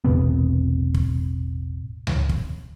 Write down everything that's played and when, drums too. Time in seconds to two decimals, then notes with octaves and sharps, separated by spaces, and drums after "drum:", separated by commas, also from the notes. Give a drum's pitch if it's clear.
0.04 E1 A1 C3 B3
0.94 drum: kick
2.07 drum: tom C#2
2.29 drum: kick